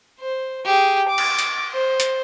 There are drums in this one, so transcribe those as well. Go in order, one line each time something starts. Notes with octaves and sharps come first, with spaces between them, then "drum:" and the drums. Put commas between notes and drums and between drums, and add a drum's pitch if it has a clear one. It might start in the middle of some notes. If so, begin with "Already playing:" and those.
C5
G4 G#4
D6
drum: cymbal
drum: hi-hat
C5
drum: hi-hat